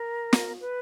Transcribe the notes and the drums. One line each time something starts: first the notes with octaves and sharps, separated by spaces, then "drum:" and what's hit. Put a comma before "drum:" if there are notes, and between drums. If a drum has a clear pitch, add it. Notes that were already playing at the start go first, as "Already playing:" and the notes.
Already playing: A#4
drum: snare
B4